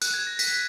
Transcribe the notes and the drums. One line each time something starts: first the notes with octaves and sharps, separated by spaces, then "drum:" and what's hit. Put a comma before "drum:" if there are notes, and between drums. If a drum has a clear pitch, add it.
F#6, drum: tambourine
G#6
A#6
B6, drum: tambourine